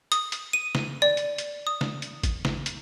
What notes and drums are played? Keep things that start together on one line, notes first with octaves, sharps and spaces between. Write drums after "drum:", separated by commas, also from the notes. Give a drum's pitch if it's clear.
D#6, drum: hi-hat
drum: hi-hat
D#7
drum: snare
D5
drum: hi-hat
drum: hi-hat
D#6
drum: snare
drum: hi-hat
drum: kick, hi-hat
drum: snare
drum: hi-hat